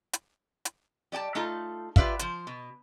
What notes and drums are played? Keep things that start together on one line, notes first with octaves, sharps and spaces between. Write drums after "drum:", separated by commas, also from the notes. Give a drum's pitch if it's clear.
drum: hi-hat
drum: hi-hat
G3 D5 G5 A5
A3 D#4 F4 A4
F4 G4 B4 D5 E5 F5, drum: kick
F3 C5, drum: hi-hat
B2